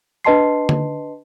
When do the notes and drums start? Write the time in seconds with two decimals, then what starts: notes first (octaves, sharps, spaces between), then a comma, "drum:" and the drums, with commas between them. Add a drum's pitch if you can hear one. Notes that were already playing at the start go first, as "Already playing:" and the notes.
0.25 D4 B4 D#5 A5 C6 C7
0.69 drum: tom D3